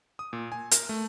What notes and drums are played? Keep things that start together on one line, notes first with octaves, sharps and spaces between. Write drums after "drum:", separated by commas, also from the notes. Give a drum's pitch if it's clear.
D#6
A#2
G#5
A#4, drum: hi-hat
A3